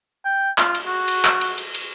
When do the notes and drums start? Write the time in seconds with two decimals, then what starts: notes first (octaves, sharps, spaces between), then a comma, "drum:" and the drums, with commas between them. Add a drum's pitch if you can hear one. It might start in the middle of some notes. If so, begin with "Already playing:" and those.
0.25 G5
0.58 F4, drum: clap
0.74 drum: cymbal
0.86 F#4
1.08 drum: cymbal
1.24 drum: clap
1.41 drum: cymbal
1.58 drum: cymbal
1.74 drum: cymbal